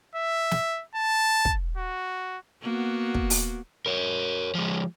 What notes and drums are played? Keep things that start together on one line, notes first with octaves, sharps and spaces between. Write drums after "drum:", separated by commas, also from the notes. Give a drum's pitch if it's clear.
E5
drum: snare
A5
drum: kick
F#4
A#3 B3 F#4
drum: kick
drum: open hi-hat
A#4 C#5
F3 G#3